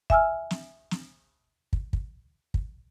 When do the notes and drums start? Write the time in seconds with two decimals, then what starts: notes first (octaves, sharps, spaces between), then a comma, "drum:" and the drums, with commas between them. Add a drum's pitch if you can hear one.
0.10 E5 G#5 E6 F6, drum: kick
0.51 drum: snare
0.91 drum: snare
1.73 drum: kick
1.93 drum: kick
2.54 drum: kick